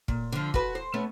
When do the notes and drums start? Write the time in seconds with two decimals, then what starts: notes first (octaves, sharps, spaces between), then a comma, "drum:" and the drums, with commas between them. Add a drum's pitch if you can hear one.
0.08 A#2, drum: kick
0.32 D3 F3
0.54 F#4 B4, drum: kick
0.75 C5
0.94 A3 B3 C#4